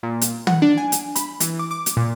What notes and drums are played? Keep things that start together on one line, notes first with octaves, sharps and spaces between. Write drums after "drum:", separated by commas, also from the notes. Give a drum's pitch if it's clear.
A#2
drum: hi-hat
F#5, drum: tom
D4
G#5
drum: hi-hat
B5, drum: hi-hat
E3, drum: hi-hat
D6
D6
drum: hi-hat
A#2